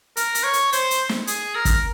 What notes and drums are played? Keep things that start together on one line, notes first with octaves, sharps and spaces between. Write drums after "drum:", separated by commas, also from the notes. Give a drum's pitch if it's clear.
A#4, drum: hi-hat
drum: hi-hat
C#5
drum: hi-hat
C5, drum: hi-hat
drum: hi-hat
drum: snare
G#4, drum: hi-hat
A#4
drum: kick, hi-hat